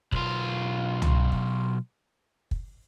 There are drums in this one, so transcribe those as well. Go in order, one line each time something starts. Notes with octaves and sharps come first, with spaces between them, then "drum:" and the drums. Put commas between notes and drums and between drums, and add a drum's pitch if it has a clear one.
B1 F4, drum: kick
drum: tom
drum: kick
drum: kick